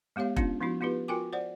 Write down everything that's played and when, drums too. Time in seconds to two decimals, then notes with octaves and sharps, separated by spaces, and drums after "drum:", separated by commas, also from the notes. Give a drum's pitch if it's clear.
0.16 G#3 B3 G4 C#5 F5
0.37 B3 C#4 D4 F4, drum: kick F1
0.61 F3 B3 D#4 E4 F#4
0.81 B3 D#4 F4 G4 B4
1.08 F4 F#4 A#4 G5 G#5 D6
1.33 C5 D5 F#5